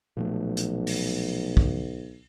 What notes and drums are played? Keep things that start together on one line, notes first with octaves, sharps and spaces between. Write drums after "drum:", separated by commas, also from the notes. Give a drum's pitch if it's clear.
B1 A#2 F3 A3
drum: hi-hat
drum: open hi-hat
drum: kick